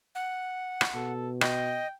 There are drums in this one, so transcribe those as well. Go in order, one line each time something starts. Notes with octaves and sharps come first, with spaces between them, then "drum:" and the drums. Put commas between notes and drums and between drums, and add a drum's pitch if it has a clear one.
F#5
drum: rim click
B2 A4
D#5 G5, drum: rim click